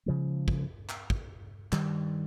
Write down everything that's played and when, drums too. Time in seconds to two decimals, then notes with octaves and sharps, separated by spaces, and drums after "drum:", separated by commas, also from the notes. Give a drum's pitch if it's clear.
0.06 C#3 F3 G#3
0.48 drum: kick
0.89 drum: clap
1.10 drum: kick
1.72 G2 D#3 G3, drum: clap